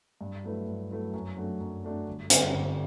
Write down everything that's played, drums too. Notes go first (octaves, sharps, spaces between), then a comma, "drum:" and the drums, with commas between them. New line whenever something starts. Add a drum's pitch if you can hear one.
G2
F#3 A3 E4 B4
G2
F#3 A3 E4 B4
F#2
F#3 A3 D4 F#4
F#2
F#3 A3 D4 F#4
G1
G2 D3 G3 C4, drum: hi-hat
G1